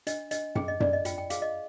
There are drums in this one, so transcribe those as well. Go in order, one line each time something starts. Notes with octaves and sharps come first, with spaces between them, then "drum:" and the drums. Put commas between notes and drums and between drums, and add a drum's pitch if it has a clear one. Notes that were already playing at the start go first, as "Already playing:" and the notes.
D4 D#5, drum: hi-hat
D4 D#5, drum: hi-hat
G#4 G5, drum: tom F#2
D#5
D4 D5, drum: tom F#2
D#5
F4 G5, drum: hi-hat
G5
G#4 F5, drum: hi-hat
D#5